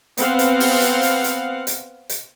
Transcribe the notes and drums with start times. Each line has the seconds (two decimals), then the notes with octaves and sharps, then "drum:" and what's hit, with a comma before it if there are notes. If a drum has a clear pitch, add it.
0.17 B3 C4 F5 F#5, drum: hi-hat
0.39 drum: hi-hat
0.60 drum: open hi-hat
0.81 drum: hi-hat
1.03 drum: hi-hat
1.24 drum: hi-hat
1.67 drum: hi-hat
2.09 drum: hi-hat